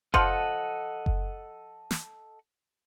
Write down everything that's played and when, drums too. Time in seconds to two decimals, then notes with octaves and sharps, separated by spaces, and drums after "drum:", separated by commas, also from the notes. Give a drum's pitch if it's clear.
0.14 F3 A4 D#5 F#5, drum: kick F#1
1.06 drum: kick F#1
1.91 drum: snare